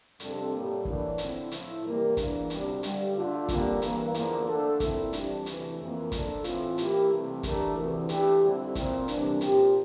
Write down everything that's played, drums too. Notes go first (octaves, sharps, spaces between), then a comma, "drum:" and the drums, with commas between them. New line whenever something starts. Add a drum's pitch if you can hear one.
F2 C3 G3 D4 A4, drum: hi-hat
A2 G3 A#3
A2 E3 A#3 D4, drum: kick
D3 F3 C4 E4, drum: hi-hat
A2 F3 A3 E4, drum: hi-hat
F2 C3 E3 G3 A#3
E2 E3 A#3 D4, drum: kick, hi-hat
D2 C3 G3 D4, drum: hi-hat
G2 D3 G3, drum: hi-hat
D3 A3 D4 F4
F2 D3 G3 A#3, drum: kick, hi-hat
G2 E3 A#3, drum: hi-hat
E2 D3 F3 A#3, drum: hi-hat
D3 A3 D4 A4
A#2 A3 C4 E4 A4, drum: kick, hi-hat
F2 E3 G3 D4, drum: hi-hat
D2 C3 E3 A3, drum: hi-hat
F2 E3 A#3
A#2 F3 A3 D4 A4, drum: kick, hi-hat
A2 E3 A3 C4 F4, drum: hi-hat
E3 A#3 E4 G4, drum: hi-hat
C2 C3 E3 A3
E3 A3 D4 G4 A#4, drum: kick, hi-hat
D2 C3 E3
E3 A3 D4 G4, drum: hi-hat
F2 D3 G3 C4 E4
A#2 F3 A3 C4, drum: kick, hi-hat
C2 C3 E3 A#3 D4, drum: hi-hat
A#2 F3 C4 G4, drum: hi-hat